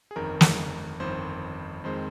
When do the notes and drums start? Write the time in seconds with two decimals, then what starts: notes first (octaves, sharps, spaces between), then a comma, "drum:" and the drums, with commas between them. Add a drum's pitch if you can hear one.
0.11 G#4
0.16 G1 F2 D#3 A#4
0.41 drum: snare
1.00 G1 F2 D#3 C5
1.84 F2 D#3 G#3 C4 C5